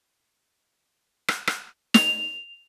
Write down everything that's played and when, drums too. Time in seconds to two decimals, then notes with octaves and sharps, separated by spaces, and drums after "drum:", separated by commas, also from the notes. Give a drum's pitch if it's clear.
1.28 drum: rim click
1.47 drum: rim click
1.94 F7, drum: snare